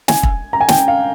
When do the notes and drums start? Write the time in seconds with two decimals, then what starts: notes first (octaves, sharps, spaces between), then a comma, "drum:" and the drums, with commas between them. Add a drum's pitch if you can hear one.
0.08 G#5, drum: snare
0.23 drum: kick
0.53 A#5
0.61 G#5
0.68 G5, drum: snare
0.88 F5